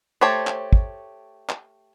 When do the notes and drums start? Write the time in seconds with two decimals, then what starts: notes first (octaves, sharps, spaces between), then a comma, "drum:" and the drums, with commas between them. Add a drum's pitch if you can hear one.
0.21 A3 G4 C5 C#5 A5
0.47 drum: clap
0.73 drum: kick
1.49 drum: clap